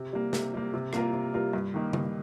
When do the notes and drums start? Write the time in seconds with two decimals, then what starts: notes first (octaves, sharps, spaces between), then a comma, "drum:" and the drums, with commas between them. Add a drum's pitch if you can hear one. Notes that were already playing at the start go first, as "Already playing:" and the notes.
Already playing: C3
0.13 G3 A#3
0.33 C3, drum: snare
0.54 G3 A#3
0.74 C3
0.93 G3 A#3 F4 A#4, drum: rim click
1.13 C3
1.34 G3 A#3 F4 A#4
1.53 G2
1.74 D#3 A#3 D#4
1.93 G2, drum: tom C#3